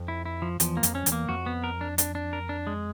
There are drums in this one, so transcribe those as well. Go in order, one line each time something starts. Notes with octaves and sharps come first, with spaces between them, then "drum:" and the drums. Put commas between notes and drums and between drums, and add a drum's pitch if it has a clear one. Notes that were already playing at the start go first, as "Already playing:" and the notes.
Already playing: F2
E4
E4
F3
E2 F3, drum: hi-hat
A#3
F2, drum: hi-hat
C#4
E2, drum: hi-hat
A#3
F2 F#4
B3
A#4
D4
D4, drum: hi-hat
D4
A#4
D4
G#3